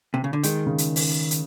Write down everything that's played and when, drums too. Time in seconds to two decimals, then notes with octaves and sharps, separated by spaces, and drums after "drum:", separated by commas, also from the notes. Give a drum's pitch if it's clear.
0.14 C3
0.24 C#3
0.33 D3
0.43 D#3 G#3, drum: hi-hat
0.66 C#3
0.78 drum: hi-hat
0.96 drum: open hi-hat
1.31 drum: hi-hat